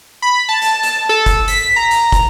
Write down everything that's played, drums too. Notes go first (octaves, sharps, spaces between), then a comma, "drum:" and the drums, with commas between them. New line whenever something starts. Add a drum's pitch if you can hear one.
B5
A5
drum: hi-hat
drum: hi-hat
A4
drum: kick, hi-hat
B6, drum: hi-hat
A#5
drum: hi-hat
drum: kick, hi-hat